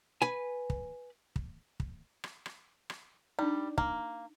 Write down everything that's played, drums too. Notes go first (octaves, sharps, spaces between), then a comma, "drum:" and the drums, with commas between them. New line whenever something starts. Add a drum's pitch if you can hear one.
B4 G#5
drum: kick
drum: kick
drum: kick
drum: rim click
drum: rim click
drum: rim click
G3 D4 D#4
A#3, drum: kick